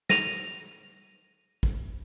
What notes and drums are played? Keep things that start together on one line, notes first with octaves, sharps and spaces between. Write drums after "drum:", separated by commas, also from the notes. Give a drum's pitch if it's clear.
A#6 D#7 F7, drum: snare
drum: kick